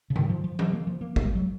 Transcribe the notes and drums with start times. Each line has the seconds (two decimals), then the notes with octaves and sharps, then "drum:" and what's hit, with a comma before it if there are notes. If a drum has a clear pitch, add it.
0.10 C#3
0.16 D#3, drum: tom G#2
0.29 F3
0.44 F3
0.59 F#3, drum: tom E3
0.73 A#3
0.87 F3
1.01 A#3
1.16 A#3, drum: kick
1.25 G#3
1.35 F#3